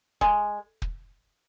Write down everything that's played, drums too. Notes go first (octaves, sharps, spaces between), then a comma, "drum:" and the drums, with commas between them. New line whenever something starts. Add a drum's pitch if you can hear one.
G#3, drum: kick
drum: kick